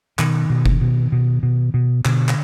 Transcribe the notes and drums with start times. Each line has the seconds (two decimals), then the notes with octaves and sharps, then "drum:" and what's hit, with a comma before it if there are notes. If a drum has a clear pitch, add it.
0.19 B2 D#3, drum: clap
0.50 B2
0.66 drum: kick F#1
0.81 B2
1.12 B2
1.43 B2
1.74 B2
2.05 B2 D3, drum: clap
2.28 drum: clap